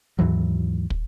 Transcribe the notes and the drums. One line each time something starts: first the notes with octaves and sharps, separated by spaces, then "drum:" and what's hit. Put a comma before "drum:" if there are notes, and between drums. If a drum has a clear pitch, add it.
D#2 G#2 E3 F#3
drum: kick